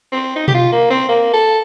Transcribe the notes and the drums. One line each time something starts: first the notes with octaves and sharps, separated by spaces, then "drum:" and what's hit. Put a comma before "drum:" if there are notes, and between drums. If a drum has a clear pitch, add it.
C4
D#4
G4, drum: tom B2
F4
A#3
C4
A#3
A4